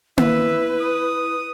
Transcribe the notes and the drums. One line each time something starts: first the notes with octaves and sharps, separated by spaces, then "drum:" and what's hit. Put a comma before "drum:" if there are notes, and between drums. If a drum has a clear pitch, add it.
E4 B4 E5, drum: tom A#3
D#6